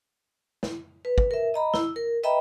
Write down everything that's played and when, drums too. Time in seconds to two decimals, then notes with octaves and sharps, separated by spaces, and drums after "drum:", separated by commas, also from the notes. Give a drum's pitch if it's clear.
0.63 drum: snare E4
1.05 B4
1.18 drum: kick
1.31 A#4 E5
1.54 D#5 A#5 B5
1.74 E4, drum: snare E4
1.96 A#4
2.23 B4 D#5 E5 G5 A#5 B5